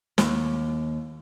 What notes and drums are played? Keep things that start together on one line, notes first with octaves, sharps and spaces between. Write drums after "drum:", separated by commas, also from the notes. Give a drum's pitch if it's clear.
D#2, drum: snare